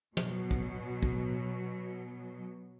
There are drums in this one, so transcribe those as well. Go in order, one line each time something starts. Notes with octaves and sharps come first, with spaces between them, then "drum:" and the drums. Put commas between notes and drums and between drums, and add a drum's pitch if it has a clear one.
B2 F#3, drum: tom
drum: kick
drum: kick